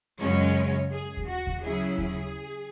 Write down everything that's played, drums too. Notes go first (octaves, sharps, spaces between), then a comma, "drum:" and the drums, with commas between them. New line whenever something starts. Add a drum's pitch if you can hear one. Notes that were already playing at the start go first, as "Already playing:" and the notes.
F#2 C#3 G#3 C#4 C#5, drum: hi-hat
G#4
drum: kick D#2
F#4
drum: kick D#2
C#3 F#3 C#4 E4 G#4
G#4, drum: kick D#2